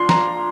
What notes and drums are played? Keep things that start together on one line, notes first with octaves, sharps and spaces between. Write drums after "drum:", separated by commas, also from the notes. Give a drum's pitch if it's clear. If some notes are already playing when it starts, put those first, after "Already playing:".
Already playing: A#2 F3 D4 C6
A#5, drum: snare